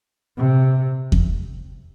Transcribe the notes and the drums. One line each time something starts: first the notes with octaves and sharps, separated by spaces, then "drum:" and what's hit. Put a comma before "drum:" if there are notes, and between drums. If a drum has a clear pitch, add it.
C3
drum: kick E2